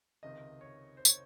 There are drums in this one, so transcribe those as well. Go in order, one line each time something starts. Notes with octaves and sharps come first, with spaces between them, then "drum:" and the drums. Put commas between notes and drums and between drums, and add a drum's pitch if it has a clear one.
C#2 C3 D#3 D#5
C#5
C5
C#5, drum: tambourine